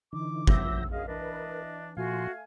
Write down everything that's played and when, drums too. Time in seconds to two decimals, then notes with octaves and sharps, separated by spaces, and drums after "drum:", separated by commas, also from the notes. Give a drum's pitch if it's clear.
0.13 D3 E3 D#4 D6
0.47 F3 F#3 E5 E6 G6 A#6, drum: kick G1
0.91 F#2 G#4 D#5 F5
1.07 E3 D4 A#4 B4 D#5
1.97 A#2 F3 A3 F#4 F5 G#5 C6